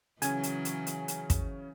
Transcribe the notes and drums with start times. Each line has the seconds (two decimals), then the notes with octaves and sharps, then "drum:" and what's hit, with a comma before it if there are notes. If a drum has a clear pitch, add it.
0.22 C#3 E3 F#3 C#4 G#5, drum: hi-hat
0.43 drum: hi-hat
0.65 drum: hi-hat
0.87 drum: hi-hat
1.08 drum: hi-hat
1.30 drum: kick, hi-hat